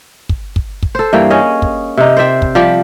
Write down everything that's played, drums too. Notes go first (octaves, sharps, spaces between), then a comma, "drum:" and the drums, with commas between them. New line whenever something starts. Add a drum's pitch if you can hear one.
drum: kick
drum: kick
drum: kick
A4 C5
G2 E3 A#3 G5
C#4 G#4 D#5
drum: kick
C3 D#4
C5 D5 E5 G5
drum: kick
F3 G3 G4 G5